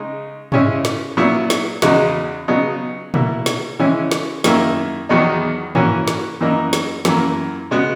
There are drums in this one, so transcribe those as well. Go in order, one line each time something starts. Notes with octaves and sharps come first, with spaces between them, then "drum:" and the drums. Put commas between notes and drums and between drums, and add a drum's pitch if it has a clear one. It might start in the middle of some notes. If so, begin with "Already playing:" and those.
Already playing: C#3 G#3 D#4
C#3 G#3 C#4 E4, drum: tom
drum: snare
A#2 F#3 B3 E4
drum: snare
E2 C#3 G#3 D#4 F#4, drum: snare
C#3 F#3 B3 D#4
B2 A#3 E4, drum: tom
drum: snare
C#3 E3 G#3 C#4 E4
drum: snare
F#2 D#3 A#3 E4, drum: snare
E2 D#3 F#3 B3 D#4
E3 A#3 C#4 F#4, drum: tom
drum: snare
F#2 E3 A#3 D#4
drum: snare
F#2 E3 A#3, drum: snare
C#3 G#3 B3 F#4